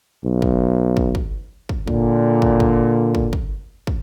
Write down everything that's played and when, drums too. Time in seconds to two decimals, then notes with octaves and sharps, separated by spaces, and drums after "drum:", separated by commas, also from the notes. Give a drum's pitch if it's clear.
0.25 B1
0.42 drum: kick
0.97 drum: kick
1.15 drum: kick
1.69 drum: kick
1.87 A#2 D3, drum: kick
2.42 drum: kick
2.60 drum: kick
3.15 drum: kick
3.33 drum: kick
3.87 drum: kick